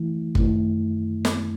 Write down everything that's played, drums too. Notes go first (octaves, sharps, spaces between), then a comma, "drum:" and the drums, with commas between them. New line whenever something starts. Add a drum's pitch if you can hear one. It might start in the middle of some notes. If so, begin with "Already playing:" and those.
Already playing: E3 A3 E4
F#2 D#3 A3 E4, drum: kick
drum: snare